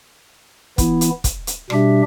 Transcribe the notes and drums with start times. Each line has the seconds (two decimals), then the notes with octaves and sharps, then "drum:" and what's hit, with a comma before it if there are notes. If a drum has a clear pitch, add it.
0.78 E3 B3 E4, drum: kick, hi-hat
1.01 drum: hi-hat
1.24 drum: kick, hi-hat
1.47 drum: hi-hat
1.70 B2 G3 D4 G4 E5, drum: rim click